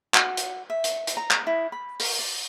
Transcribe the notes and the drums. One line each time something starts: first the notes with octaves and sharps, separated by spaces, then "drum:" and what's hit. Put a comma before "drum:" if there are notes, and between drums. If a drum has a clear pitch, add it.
F#4, drum: clap
drum: hi-hat
E5
drum: hi-hat
drum: hi-hat
A#5
drum: clap
E4
B5
A#4, drum: open hi-hat
D5